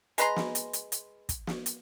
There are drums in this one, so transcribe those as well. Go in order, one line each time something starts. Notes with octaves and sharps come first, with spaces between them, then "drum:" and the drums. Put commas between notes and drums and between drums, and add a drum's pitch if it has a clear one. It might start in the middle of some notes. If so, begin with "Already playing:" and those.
G#3 B4 A#5 C6, drum: hi-hat
drum: snare
drum: hi-hat
drum: hi-hat
drum: hi-hat
drum: kick, hi-hat
drum: snare
drum: hi-hat